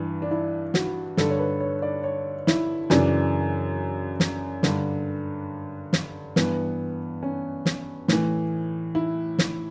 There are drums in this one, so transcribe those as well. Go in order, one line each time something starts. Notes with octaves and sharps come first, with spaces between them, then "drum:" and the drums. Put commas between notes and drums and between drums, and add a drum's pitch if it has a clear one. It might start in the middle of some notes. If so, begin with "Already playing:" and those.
Already playing: G2 E3 D4
D4
E4
F#4, drum: snare
G2 D3 A4, drum: snare
C#5
B4
C#5
D5
C#5
E4, drum: snare
F#2 C#3 E3 D4, drum: snare
drum: snare
G2 D3, drum: snare
drum: snare
G2 E3 B3, drum: snare
C#4
drum: snare
A2 E3, drum: snare
E4
drum: snare